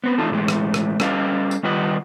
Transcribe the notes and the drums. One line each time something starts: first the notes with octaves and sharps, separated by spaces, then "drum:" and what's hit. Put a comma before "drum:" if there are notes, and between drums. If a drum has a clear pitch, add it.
B3 C4 B4
E3 A3 D#4 F4 A4
A2 E3 G#3 A3
drum: rim click
drum: rim click
G3 C#4 A4 B4 D#5 F5, drum: rim click
drum: tambourine
D#3 G3 F4 B4 D#5 F#5